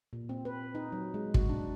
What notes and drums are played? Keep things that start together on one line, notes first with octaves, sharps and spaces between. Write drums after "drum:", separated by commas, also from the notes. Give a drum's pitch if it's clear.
A#2
C4
B4
D#4
F#3
G#3
F#4, drum: kick
D4